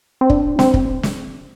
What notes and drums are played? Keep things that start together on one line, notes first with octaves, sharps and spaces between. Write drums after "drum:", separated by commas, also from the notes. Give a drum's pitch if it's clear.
C4
D4, drum: kick
C4, drum: snare
drum: kick
drum: snare